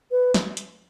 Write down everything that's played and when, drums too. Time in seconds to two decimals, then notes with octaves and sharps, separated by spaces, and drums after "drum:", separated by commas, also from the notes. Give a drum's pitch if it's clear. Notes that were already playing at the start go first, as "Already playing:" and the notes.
0.11 B4
0.34 drum: snare
0.57 drum: hi-hat